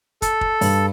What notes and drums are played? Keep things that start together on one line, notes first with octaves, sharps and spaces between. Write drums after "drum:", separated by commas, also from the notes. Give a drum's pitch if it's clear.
A4, drum: kick, hi-hat
drum: kick
G2, drum: open hi-hat